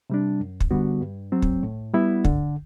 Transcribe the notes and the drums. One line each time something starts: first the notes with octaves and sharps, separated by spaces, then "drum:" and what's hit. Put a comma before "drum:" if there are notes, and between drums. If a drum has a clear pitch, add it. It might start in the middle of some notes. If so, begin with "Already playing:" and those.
C3 G3 D4
F#2
drum: kick
D3 G3 B3 F#4
G2
F#3 C4
drum: kick
A2
G3 B3 E4
D3, drum: kick